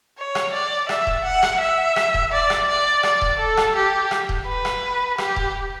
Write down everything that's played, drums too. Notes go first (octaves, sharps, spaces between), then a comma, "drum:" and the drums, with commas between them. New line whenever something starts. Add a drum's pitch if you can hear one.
C#5
drum: rim click
D5
E5, drum: rim click
drum: kick D#1
F#5
drum: rim click
E5
drum: rim click
drum: kick D#1
D5
drum: rim click
D5
D5, drum: rim click
drum: kick D#1
A4
drum: rim click
G4
drum: rim click
drum: kick D#1
B4
drum: rim click
G4, drum: rim click
drum: kick D#1